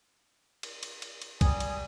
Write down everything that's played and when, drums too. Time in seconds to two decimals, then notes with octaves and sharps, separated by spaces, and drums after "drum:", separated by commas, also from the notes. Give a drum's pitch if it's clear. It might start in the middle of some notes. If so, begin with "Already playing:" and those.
0.63 drum: cymbal
0.83 drum: cymbal
1.02 drum: cymbal
1.22 drum: cymbal
1.41 G3 G#5 D#6, drum: kick B1, cymbal
1.60 drum: cymbal